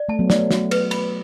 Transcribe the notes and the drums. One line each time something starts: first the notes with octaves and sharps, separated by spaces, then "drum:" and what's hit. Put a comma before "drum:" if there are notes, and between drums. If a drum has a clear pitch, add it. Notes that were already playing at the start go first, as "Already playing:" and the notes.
Already playing: D5
A3 A5
F#3 B3
A3 D5, drum: snare
A3 F#4, drum: snare
B4, drum: cymbal
B5, drum: cymbal